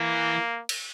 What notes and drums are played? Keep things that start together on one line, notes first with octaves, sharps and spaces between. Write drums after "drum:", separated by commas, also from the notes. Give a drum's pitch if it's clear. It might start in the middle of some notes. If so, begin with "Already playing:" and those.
Already playing: E3 A#3
drum: cymbal